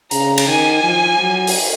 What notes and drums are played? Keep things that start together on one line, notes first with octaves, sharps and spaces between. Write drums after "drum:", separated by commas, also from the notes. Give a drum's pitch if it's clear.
C#3 A#5, drum: hi-hat
drum: cymbal
D#3 G#5
F3
F#3
drum: open hi-hat